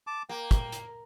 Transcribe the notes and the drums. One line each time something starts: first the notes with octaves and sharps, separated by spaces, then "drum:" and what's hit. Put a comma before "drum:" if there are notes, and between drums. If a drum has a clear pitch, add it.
A5 D6
A#3 G5
drum: kick, hi-hat
drum: hi-hat